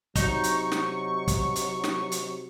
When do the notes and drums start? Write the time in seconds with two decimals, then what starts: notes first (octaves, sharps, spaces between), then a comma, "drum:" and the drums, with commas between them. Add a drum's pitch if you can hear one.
0.16 C3 F#3 D#4 C#6, drum: kick, hi-hat
0.44 drum: hi-hat
0.72 drum: snare
1.28 drum: kick, hi-hat
1.56 drum: hi-hat
1.84 drum: snare
2.12 drum: hi-hat